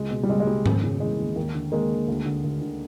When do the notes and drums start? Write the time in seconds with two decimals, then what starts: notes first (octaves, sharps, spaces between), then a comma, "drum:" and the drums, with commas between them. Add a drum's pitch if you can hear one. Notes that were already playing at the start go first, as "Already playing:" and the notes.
Already playing: C#2 G#3
0.11 B2
0.23 G3
0.29 C#2 G#3
0.40 G#3
0.47 B2 G3
0.66 D#2, drum: tom G#2
0.83 C#3
1.00 E3 G#3
1.19 D#2
1.36 D#2
1.55 D3
1.72 D#2 G#3 A#3
1.91 D3
2.08 D2
2.25 D3
2.44 D2
2.61 D3